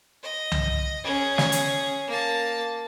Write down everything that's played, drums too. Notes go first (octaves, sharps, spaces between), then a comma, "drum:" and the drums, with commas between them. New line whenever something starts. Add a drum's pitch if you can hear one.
D#5
drum: tom C2
C#4 G#4
drum: snare
drum: hi-hat
A#3 A5